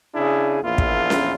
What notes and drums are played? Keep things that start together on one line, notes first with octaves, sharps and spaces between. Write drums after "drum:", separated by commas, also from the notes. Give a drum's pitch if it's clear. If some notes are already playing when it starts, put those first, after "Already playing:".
C#3 D4 E4 G#4
A#1 E2 A#3 E4 F4
drum: kick
drum: snare C#4